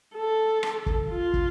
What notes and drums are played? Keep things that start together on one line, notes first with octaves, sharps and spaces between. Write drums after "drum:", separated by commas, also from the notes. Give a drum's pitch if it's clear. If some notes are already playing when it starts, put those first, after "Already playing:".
A4
drum: rim click
drum: kick
F4
drum: kick